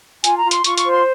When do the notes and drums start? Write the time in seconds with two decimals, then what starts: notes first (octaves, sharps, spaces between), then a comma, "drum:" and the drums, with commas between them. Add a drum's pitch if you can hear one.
0.24 F4 G#5, drum: hi-hat
0.37 A#5
0.44 F4
0.51 C6, drum: hi-hat
0.64 F4 C#6, drum: hi-hat
0.78 C#6, drum: hi-hat
0.85 C5
0.91 C6